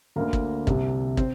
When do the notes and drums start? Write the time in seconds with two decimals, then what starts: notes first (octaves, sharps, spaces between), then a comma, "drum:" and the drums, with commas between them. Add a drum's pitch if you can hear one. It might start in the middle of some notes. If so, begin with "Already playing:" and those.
0.16 D2 D3 A#3 A#4
0.33 drum: kick
0.67 C2 C3, drum: kick
1.17 C4 C5, drum: kick